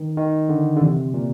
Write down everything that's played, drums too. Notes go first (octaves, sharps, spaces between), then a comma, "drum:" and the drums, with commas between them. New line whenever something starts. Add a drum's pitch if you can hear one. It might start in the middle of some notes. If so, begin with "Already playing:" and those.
Already playing: D#3
D#3
D3
D3
C3, drum: tom E3
A#2